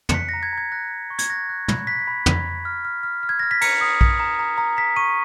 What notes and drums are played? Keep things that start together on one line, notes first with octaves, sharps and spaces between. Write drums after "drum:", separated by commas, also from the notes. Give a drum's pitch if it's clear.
C#7, drum: tom
F#6 B6
A#5 A#6
G#6
A#5 G#6
F#6 A#6
F#6
C#6
G#6, drum: hi-hat
F#6 A#6
F#6
B5, drum: tom
F#6 B6
B5
B5, drum: tom
B5
F6
F6
F6
F6
G#6
F6 A#6
B6
A#5 C#7, drum: cymbal
D#6
D#6, drum: kick A#1
A#5
A#5
A#5
A#5 B6
C#6 D#7